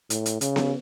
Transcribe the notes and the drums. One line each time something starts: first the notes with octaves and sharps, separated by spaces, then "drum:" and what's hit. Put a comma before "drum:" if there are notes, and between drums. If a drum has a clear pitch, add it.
A2, drum: hi-hat
drum: hi-hat
C#3, drum: hi-hat
drum: snare B3